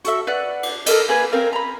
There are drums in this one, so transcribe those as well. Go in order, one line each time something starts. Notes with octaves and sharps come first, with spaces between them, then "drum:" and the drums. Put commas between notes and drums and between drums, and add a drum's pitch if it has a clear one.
F#4 A4 E5, drum: hi-hat
B4 D5 F#5
drum: cymbal
A4 A#4 D#5, drum: cymbal
A#3 G#4 B4 B5
C4 A#4 F5
A#5 B5